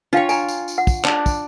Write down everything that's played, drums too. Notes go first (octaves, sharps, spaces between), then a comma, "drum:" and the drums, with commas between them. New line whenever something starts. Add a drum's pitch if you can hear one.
D4 F4 C#5 F5 G5
G#5 A#5, drum: tambourine
drum: tambourine
drum: tambourine
F#5
drum: kick, tambourine
D4, drum: clap
drum: kick, tambourine